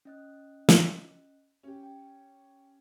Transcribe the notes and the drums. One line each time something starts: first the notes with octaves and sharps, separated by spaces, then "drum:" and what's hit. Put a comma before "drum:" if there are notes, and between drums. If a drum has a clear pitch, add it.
C#4 D#5 F#6
drum: snare
C#4 G4
G5